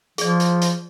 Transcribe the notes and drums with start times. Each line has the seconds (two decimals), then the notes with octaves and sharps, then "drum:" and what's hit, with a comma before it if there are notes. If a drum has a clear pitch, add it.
0.18 F3 G#4 D5, drum: hi-hat
0.40 drum: hi-hat
0.62 drum: hi-hat